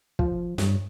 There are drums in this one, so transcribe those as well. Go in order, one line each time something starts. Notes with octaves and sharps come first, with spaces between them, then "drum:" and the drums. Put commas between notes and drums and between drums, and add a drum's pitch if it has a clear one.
F3, drum: kick
G2, drum: snare